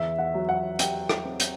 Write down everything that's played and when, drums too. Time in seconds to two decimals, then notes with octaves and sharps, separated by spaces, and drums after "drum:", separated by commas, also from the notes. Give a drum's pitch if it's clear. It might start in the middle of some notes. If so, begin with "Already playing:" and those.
Already playing: E2 E5
0.18 F#5
0.34 F#3
0.49 F#5
0.79 G4 G5, drum: hi-hat
1.09 drum: rim click
1.25 C4
1.40 drum: hi-hat